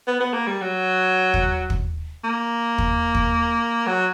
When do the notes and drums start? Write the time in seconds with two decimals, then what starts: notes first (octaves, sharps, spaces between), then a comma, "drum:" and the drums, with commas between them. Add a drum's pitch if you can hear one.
0.08 B3
0.20 B3
0.34 A#3
0.47 G3
0.62 F#3
1.34 drum: kick
1.70 drum: kick
2.24 A#3
2.78 drum: kick
3.15 drum: kick
3.87 F#3